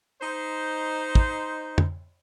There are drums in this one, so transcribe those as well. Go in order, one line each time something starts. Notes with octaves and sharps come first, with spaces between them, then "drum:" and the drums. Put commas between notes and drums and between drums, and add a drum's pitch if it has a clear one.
D#4 C5
drum: kick
drum: tom F2